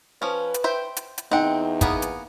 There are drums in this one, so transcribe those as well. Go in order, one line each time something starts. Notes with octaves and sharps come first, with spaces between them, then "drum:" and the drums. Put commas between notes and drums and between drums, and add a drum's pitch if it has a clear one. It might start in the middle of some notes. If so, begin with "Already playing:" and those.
F3 C#4 B4
drum: hi-hat
C5 E5 G5
drum: hi-hat
drum: hi-hat
E2 C4 D#4 F#5 G5
A#3 B3 G#4, drum: kick, hi-hat
drum: hi-hat